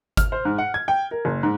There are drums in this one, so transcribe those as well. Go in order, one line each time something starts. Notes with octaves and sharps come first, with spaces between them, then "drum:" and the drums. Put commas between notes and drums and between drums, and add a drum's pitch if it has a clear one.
F6, drum: kick G1, hi-hat
C5
G#2
F#5
G#6
G5
A#4
F#1
G#2